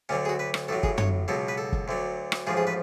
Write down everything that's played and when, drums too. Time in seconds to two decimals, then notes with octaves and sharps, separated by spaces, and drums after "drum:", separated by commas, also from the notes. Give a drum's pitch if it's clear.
0.09 D2 D3 F#3 C#4
0.25 G#4
0.29 F#4
0.39 B4
0.54 drum: rim click
0.68 A1 A2 F#3 A4
0.83 G#4, drum: kick
0.98 C#5, drum: tom
1.28 C#2 B2 F#3 A4
1.48 B4
1.58 A4
1.72 drum: kick
1.88 D2 D3 F#3
2.32 drum: rim click
2.47 A1 G#2 F3 G#4
2.57 G#4
2.67 B4